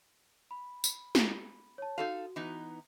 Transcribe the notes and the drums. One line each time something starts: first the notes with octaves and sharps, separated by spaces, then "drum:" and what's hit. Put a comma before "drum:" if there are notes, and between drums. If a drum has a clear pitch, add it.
B5
drum: tambourine
drum: snare
C#5 A5
D#4 F#4 A4 F5
E3 B3 D#4